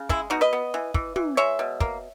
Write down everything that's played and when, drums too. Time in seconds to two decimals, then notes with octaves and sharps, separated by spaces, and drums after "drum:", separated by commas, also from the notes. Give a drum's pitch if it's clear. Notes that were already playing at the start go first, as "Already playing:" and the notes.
Already playing: C#3
0.09 G#3 E4, drum: kick
0.30 B2 D#4 F#4
0.41 B4 D#5
0.53 B3
0.74 E3
0.94 E3, drum: kick
1.16 E3, drum: tom
1.37 G#3 C#5 E5
1.59 B2
1.80 A#3, drum: kick